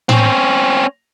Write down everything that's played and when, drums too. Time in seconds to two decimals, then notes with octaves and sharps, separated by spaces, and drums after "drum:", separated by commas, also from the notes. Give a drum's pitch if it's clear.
0.09 C4 C#4, drum: tom A2